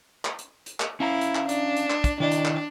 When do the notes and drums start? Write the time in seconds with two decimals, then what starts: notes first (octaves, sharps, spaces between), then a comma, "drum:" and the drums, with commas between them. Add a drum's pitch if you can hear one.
0.25 drum: clap
0.39 drum: hi-hat
0.66 drum: hi-hat
0.80 drum: clap
1.00 C#4 E4 F5 A#5
1.21 drum: hi-hat
1.35 drum: clap
1.49 D4, drum: hi-hat
1.76 drum: hi-hat
1.90 drum: clap
2.04 drum: kick, hi-hat
2.20 D#3 D4 E4 D#5
2.32 drum: hi-hat
2.45 drum: clap